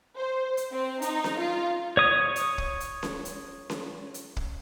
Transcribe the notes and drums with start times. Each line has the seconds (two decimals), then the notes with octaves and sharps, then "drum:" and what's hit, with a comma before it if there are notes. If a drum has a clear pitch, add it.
0.16 C5
0.57 drum: hi-hat
0.72 C4
1.02 D#4, drum: hi-hat
1.24 drum: snare C#4
1.39 F4
1.97 C#5 D#6
2.36 drum: hi-hat
2.58 drum: kick
2.80 drum: hi-hat
3.03 drum: snare C#4
3.25 drum: hi-hat
3.70 drum: snare C#4
4.14 drum: hi-hat
4.37 drum: kick